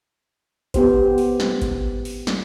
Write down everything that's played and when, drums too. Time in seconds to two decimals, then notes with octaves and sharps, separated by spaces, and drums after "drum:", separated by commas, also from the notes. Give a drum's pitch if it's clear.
0.74 B3 G4 C5, drum: kick G#1, hi-hat
1.18 drum: open hi-hat
1.40 drum: snare
1.62 drum: kick G#1, hi-hat
2.05 drum: open hi-hat
2.27 drum: snare